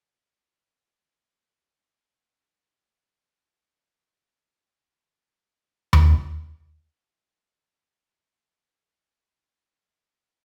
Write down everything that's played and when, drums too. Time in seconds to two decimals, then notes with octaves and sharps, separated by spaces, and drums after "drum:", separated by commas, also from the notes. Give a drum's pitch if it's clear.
0.21 C4
1.70 C4
3.94 A#3
4.69 D#4
5.06 C4
5.43 G#3
5.93 drum: tom D#2
6.17 G#3
8.41 D#4
9.17 C4
9.91 C4